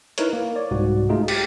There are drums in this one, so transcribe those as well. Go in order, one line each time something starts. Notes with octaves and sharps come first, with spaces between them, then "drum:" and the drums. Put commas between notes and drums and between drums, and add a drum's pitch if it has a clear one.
D#4 E4 A#4 B4 C#5, drum: hi-hat
A#3
C#5 D5
C2 G#2 F#4
G#3 A3 D#4 F4 G#4
G4, drum: cymbal